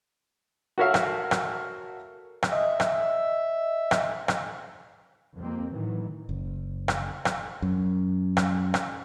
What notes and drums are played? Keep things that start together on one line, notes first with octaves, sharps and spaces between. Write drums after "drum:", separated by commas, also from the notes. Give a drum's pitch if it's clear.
F#4 A4 A#4 C#5 E5 F5
drum: rim click
drum: rim click
drum: rim click
D#5 E5
drum: rim click
drum: rim click
drum: rim click
F2 G3 A#3 C4
A2 D#3 E3 F#3
F#1
drum: rim click
drum: rim click
F#2
drum: rim click
drum: rim click